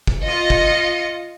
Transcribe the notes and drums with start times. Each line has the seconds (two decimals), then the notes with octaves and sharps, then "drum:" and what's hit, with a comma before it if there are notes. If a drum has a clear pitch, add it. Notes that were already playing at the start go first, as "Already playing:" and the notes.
0.07 drum: kick
0.21 F4 D#5 C#7
0.50 drum: kick